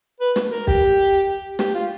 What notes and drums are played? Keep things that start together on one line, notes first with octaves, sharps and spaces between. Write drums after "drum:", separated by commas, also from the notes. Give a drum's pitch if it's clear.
B4
drum: snare
A#4
G4, drum: kick
G4, drum: snare
F4